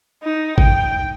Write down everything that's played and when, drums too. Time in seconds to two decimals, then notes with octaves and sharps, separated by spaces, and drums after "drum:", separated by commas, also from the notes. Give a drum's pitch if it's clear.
0.23 D#4
0.58 G5, drum: kick